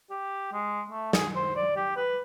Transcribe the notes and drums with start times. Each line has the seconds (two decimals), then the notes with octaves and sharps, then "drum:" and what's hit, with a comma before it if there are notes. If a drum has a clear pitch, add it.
0.10 G4
0.53 G#3
0.90 A3
1.13 G#4, drum: snare
1.36 C5
1.56 D5
1.76 G4
1.96 B4